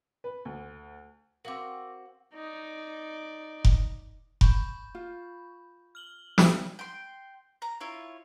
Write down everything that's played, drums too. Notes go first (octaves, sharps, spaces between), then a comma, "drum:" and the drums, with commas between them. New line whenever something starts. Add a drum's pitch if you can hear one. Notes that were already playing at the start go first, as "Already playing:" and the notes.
B4
D2
C4 F#4 A#4 F5 D6
D#4 D5
drum: kick F1
B5 C#6 G6, drum: kick F1
F4
F6 F#7 G7
drum: snare
G5 C6
A#5
E4 F4 C#5